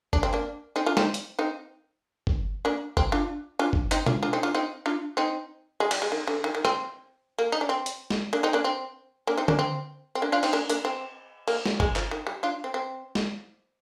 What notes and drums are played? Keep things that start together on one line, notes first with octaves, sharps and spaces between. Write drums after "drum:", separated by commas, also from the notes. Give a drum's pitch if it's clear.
D4, drum: kick
C4
A#3 D4
C4 D#4
D4 F4
C4 D#4, drum: snare
drum: hi-hat
C4 D#4
drum: kick
A#3 D4
C4, drum: kick
D4 F4
D4 F4
drum: kick
C4 D#4, drum: hi-hat
D4 F4, drum: tom
D4 F4
C4 D#4
D4 F4
C4 D#4
D4 F4
C4 D#4
G#3
G3, drum: cymbal
G#3
D#3
D3
D#3
D#3
C4, drum: rim click
A#3
D#4
D4
C4
drum: hi-hat
drum: snare
A#3 D4
C4 D#4
A#3 D4
C4
A#3 D4
C4 D#4
A#3 D4, drum: tom D3
C4
C4
A#3 D4
D4 F4
C4 D#4, drum: cymbal
A#3 D4
A#3 D4, drum: hi-hat
C4
A#3, drum: cymbal
drum: snare
G#3, drum: kick
F3, drum: clap
D#3
G3
D4 F4
C4
C4
drum: snare